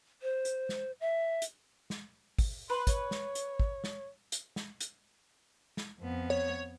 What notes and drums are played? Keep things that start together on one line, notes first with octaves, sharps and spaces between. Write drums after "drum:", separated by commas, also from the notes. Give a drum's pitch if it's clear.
C5
drum: hi-hat
drum: snare
E5
drum: hi-hat
drum: snare
drum: kick, open hi-hat
B4 C6
C#5, drum: kick, hi-hat
drum: snare
drum: hi-hat
drum: kick
drum: snare
drum: hi-hat
drum: snare
drum: hi-hat
drum: snare
F2 B3
C#5